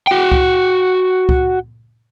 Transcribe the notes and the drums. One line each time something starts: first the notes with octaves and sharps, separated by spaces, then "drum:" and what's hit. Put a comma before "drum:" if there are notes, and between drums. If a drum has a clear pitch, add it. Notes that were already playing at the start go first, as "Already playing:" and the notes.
F#4 G5
drum: kick C#2
drum: kick C#2